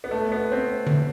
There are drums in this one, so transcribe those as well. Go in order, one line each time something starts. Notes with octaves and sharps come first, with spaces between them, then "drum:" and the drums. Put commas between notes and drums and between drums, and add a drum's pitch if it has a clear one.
B3
A3
B3
C4
drum: tom D3